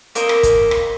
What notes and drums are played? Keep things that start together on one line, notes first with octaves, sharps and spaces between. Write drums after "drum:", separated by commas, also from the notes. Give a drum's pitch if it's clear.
A#3 C4 A#4 D#5, drum: hi-hat
drum: rim click
drum: kick, hi-hat
drum: rim click